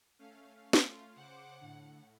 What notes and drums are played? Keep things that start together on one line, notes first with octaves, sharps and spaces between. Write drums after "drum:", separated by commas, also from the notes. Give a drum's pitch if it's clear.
A3 C#4 F5
F4, drum: snare
C#3 C5 F#5 D6
A2 D3